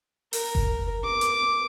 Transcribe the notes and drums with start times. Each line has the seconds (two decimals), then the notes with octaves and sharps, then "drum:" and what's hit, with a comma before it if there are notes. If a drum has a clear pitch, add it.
0.33 A#4, drum: open hi-hat
0.55 drum: kick F#1
1.04 D6
1.21 drum: hi-hat